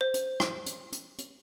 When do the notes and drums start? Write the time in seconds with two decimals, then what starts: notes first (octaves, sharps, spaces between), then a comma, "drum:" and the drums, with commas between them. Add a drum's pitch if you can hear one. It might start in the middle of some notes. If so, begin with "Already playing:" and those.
0.01 C5
0.14 drum: hi-hat
0.40 drum: rim click
0.66 drum: hi-hat
0.92 drum: hi-hat
1.18 drum: hi-hat